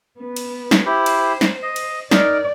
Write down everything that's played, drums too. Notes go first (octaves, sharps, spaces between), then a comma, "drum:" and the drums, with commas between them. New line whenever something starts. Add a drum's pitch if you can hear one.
B3
drum: cymbal
drum: snare
E4 G4 C5
drum: cymbal
drum: snare
D#5
drum: cymbal
D#4 A#4 D5, drum: snare